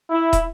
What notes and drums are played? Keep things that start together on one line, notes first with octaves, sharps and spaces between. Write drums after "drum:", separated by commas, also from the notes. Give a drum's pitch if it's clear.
E4
drum: kick, hi-hat